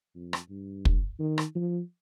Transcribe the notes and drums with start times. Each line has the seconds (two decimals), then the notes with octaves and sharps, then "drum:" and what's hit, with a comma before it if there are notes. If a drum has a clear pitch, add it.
0.15 F2
0.33 drum: rim click
0.50 G2
0.85 drum: kick
1.20 D#3
1.38 drum: rim click
1.55 F3